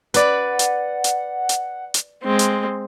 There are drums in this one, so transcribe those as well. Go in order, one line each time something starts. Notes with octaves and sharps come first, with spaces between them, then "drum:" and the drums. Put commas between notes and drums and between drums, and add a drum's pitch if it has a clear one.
B4 D5 F#5 B5, drum: hi-hat
drum: hi-hat
drum: hi-hat
drum: hi-hat
drum: hi-hat
G#3 C4
drum: hi-hat